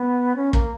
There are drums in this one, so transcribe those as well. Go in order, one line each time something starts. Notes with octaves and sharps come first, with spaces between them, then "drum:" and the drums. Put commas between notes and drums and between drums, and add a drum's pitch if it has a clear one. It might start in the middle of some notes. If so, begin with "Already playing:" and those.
Already playing: B3
C#4
A#3, drum: kick